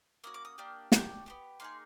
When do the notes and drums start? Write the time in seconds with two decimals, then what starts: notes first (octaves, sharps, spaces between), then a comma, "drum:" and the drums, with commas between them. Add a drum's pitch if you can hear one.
0.24 A#3 C#4 F#4 D#6
0.34 D6
0.45 D#6
0.58 A#3 D4 G4
0.92 D4 G4 C#6, drum: snare
1.26 B3 D4 G4
1.60 A#3 D#4 G#4 C6